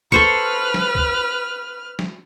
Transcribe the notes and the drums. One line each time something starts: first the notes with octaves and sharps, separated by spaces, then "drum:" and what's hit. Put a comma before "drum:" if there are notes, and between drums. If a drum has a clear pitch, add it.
A4 B4 C5 C#6 F6, drum: kick
drum: snare
drum: kick
drum: snare